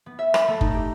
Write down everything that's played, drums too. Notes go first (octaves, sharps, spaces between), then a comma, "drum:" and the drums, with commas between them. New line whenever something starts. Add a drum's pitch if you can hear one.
B3
E5
B5, drum: rim click
A3
D#4, drum: kick F#1
G4